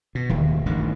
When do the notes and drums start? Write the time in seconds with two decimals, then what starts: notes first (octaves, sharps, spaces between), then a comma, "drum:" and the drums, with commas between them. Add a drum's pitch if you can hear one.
0.15 B2
0.30 D1 D#2, drum: tom D3
0.66 A1 G2 D#3